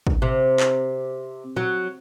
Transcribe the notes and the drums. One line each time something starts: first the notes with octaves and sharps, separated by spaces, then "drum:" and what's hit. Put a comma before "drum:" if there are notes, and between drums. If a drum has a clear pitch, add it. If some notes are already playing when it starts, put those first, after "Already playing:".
drum: kick
C3
drum: clap
F#3